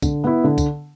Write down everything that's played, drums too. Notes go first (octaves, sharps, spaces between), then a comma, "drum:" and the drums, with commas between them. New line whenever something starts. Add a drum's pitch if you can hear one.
D3, drum: kick, tambourine
B3 E4
D3
drum: kick, tambourine